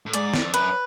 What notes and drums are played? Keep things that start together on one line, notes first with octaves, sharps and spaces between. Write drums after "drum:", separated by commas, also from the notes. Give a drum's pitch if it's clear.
A2
G#2 D5, drum: hi-hat
F2, drum: snare
F#2 B4, drum: hi-hat